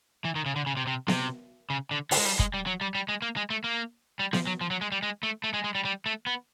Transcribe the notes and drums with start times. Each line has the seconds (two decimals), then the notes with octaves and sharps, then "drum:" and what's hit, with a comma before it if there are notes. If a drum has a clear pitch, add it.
0.25 E3
0.36 D#3
0.46 C#3
0.56 D3
0.66 C#3
0.77 C3
0.87 C3
1.08 C3, drum: snare B3
1.70 C#3
1.91 D3
2.11 D3, drum: open hi-hat
2.19 G#3
2.25 G3
2.39 G#3, drum: kick
2.54 G3
2.67 F#3
2.81 G3
2.95 G3
3.09 G#3
3.22 A#3
3.37 G#3
3.50 A3
3.64 A#3
4.19 G3
4.33 F3, drum: snare B3
4.47 F#3
4.61 F3
4.71 F#3
4.81 G#3
4.92 G3
5.03 G#3
5.23 A3
5.44 A3
5.54 G#3
5.64 G#3
5.75 G3
5.85 G3
6.06 A3
6.26 B3